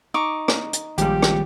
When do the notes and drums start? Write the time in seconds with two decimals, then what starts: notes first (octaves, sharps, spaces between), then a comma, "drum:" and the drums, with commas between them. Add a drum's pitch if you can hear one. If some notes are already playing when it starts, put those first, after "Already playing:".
0.14 D#4 C#6 D6
0.48 drum: rim click
0.73 drum: hi-hat
0.98 A#1 D#2 F3 G3 G#3 G4, drum: hi-hat
1.22 drum: rim click